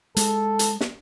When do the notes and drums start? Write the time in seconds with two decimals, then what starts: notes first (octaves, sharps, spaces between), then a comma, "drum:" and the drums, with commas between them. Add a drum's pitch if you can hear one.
0.17 G#3 A4, drum: hi-hat
0.59 drum: hi-hat
0.81 drum: snare